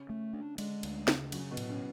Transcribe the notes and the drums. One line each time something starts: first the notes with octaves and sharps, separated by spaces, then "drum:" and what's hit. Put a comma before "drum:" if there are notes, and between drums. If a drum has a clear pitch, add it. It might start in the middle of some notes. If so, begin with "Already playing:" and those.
Already playing: C#3 C#4
A3
D4
D3 G#3 D4, drum: cymbal
D2, drum: cymbal
C#3, drum: snare
F#2 F#3 C#4, drum: cymbal
B2 B3
A2, drum: cymbal
C#3 C#4